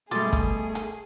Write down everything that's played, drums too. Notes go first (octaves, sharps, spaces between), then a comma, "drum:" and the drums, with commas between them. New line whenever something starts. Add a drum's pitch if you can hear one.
G2 B2 A3 G#4 C6 D6 A6, drum: hi-hat
drum: kick, hi-hat
drum: hi-hat